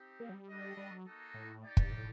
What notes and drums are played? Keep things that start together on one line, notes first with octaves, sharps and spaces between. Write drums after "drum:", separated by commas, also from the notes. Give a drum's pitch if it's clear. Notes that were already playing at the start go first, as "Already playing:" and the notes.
Already playing: C4 D#4 G4
A#3
F#3
G3
D4 F#4 A4 D#5
G3
F#3
A#3 D#4 F#4 A4 D#5
A2
D#4 G4 D5
G2, drum: kick
A2